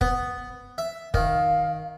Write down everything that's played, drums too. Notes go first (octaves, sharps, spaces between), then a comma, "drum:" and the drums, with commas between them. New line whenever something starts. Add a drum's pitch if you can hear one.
B3, drum: kick
E5
D#3 F5, drum: kick